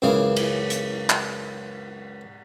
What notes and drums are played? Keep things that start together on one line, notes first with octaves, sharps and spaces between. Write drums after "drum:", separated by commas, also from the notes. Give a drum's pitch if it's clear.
C#2 F#2 C#3 E3 G#4 F5
drum: cymbal
drum: hi-hat
drum: clap